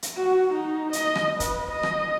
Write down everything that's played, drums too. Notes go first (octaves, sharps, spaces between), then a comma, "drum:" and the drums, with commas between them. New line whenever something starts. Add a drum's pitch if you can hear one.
drum: hi-hat
F#4
D#4
D#5, drum: hi-hat
drum: rim click
B4, drum: kick, hi-hat
D#5
drum: rim click